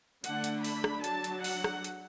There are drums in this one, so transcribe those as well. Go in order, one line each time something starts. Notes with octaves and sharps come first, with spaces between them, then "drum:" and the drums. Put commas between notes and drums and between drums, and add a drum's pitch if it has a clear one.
D3 A3 D4 F#5, drum: hi-hat
drum: hi-hat
B5, drum: open hi-hat
drum: rim click
F#3 D4 A5, drum: hi-hat
drum: hi-hat
F#5, drum: open hi-hat
drum: rim click
drum: hi-hat